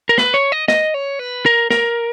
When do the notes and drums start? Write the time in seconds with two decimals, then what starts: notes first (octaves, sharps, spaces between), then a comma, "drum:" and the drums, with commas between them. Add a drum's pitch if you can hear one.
0.09 A#4
0.18 B4, drum: snare
0.34 C#5
0.52 D#5
0.68 D#5, drum: snare
0.94 C#5
1.19 B4
1.46 A#4
1.71 A#4, drum: snare